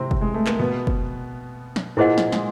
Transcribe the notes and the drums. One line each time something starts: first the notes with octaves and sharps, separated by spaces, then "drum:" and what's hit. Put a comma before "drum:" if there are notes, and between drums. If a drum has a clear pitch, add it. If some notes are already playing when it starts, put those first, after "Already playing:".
Already playing: C3 C4
drum: kick
G#3
A3
A#3, drum: clap
B2 B3
drum: kick
drum: snare
A#2 A#3 E4 G#4 C5 D#5 F#5
drum: snare
G#3, drum: snare